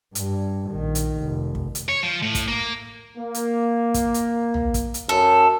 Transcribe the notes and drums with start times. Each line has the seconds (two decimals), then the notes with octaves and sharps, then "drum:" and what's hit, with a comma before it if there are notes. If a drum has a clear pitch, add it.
0.15 G2, drum: hi-hat
0.70 A#1 D#3
0.95 drum: hi-hat
1.19 F1
1.55 drum: kick
1.75 drum: hi-hat
1.89 C#5
2.03 F3
2.23 A2
2.35 drum: kick, hi-hat
2.48 A#3
3.18 A#3
3.34 drum: hi-hat
3.94 drum: kick, hi-hat
4.14 drum: hi-hat
4.54 drum: tom
4.74 drum: kick, hi-hat
4.94 drum: hi-hat
5.09 F#2 A4